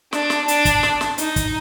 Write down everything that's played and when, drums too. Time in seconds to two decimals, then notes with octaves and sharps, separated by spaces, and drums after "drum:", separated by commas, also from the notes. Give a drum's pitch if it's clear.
0.13 D4, drum: snare
0.30 drum: snare
0.48 D4, drum: hi-hat
0.65 drum: kick, hi-hat
0.83 drum: snare
1.01 drum: snare
1.18 D#4, drum: hi-hat
1.36 drum: kick, hi-hat